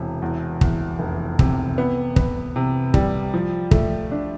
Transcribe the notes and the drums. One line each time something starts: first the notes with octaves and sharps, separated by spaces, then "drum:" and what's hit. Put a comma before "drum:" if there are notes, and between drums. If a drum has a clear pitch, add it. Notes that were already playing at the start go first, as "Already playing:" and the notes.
Already playing: E1 C3
E2
E2, drum: kick
F1
C3, drum: kick
B3
B3, drum: kick
C3
G3, drum: kick
F3
A3, drum: kick
D4